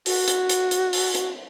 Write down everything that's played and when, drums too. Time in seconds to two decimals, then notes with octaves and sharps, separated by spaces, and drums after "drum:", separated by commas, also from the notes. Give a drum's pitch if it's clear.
0.06 F#4, drum: open hi-hat
0.28 drum: hi-hat
0.49 drum: hi-hat
0.71 drum: hi-hat
0.93 drum: open hi-hat
1.15 drum: hi-hat